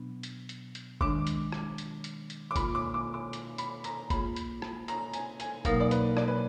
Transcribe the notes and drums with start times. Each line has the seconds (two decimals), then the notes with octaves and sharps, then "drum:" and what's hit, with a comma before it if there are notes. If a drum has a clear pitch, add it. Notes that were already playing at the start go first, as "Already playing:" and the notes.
Already playing: B2 F#3 B3 D4
0.23 drum: hi-hat
0.49 drum: hi-hat
0.75 drum: hi-hat
1.01 D#3 G#3 D4 D6, drum: kick F#1
1.27 drum: hi-hat
1.52 drum: rim click
1.78 drum: hi-hat
2.04 drum: hi-hat
2.30 drum: hi-hat
2.51 D6
2.56 B2 A#3 F4 B5, drum: kick F#1, hi-hat
2.75 D6
2.94 D6
3.14 D6
3.33 drum: hi-hat
3.58 B5, drum: hi-hat
3.84 A#5, drum: hi-hat
4.10 A#3 F4 G#4 B5, drum: kick F#1, hi-hat
4.36 drum: hi-hat
4.62 drum: rim click
4.88 A#5, drum: hi-hat
5.13 G#5, drum: hi-hat
5.40 G#5, drum: hi-hat
5.65 B2 F#3 A#3 D#4 A#4 F5, drum: kick F#1, hi-hat
5.80 D5
5.91 B4, drum: hi-hat
6.17 D5, drum: rim click
6.28 B4